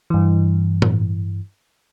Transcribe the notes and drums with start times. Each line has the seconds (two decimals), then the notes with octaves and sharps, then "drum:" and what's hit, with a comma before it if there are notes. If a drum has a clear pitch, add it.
0.10 G2 E3
0.82 drum: tom A2